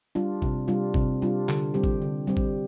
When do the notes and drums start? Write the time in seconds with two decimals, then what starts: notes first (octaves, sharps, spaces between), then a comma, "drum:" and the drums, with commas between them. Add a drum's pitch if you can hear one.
0.15 G3 D4 F4
0.42 C3, drum: kick
0.68 G3 D4 F4
0.94 C3, drum: kick
1.22 G3 D4 F4
1.49 D3, drum: clap
1.74 G3 C4 G4
1.84 drum: kick
2.02 D3
2.27 G3 C4 G4
2.37 drum: kick